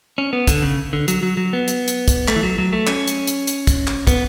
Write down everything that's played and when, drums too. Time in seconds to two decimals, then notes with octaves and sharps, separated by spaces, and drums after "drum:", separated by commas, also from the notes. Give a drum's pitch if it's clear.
0.18 C#4
0.33 B3
0.47 D3, drum: kick, hi-hat
0.62 C#3
0.93 D3
1.08 F#3, drum: hi-hat
1.23 F#3
1.37 F#3
1.53 B3
1.68 drum: hi-hat
1.88 drum: hi-hat
2.08 drum: kick, hi-hat
2.28 A3, drum: clap
2.36 E3
2.43 F#3
2.58 F#3
2.73 A3
2.87 C#4, drum: clap
3.07 drum: hi-hat
3.27 drum: hi-hat
3.47 drum: hi-hat
3.67 drum: kick, hi-hat
3.87 drum: clap
4.07 B3, drum: kick, hi-hat